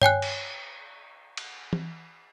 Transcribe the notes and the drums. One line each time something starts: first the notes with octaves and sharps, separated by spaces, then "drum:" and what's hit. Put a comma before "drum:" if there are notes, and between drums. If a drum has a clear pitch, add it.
C#5 G5 G#5 F#6, drum: tom G2
drum: cymbal
drum: cymbal
drum: tom E3